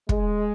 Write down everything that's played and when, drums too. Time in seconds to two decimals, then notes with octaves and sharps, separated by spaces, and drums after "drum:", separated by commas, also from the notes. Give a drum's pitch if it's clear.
0.09 G#3, drum: kick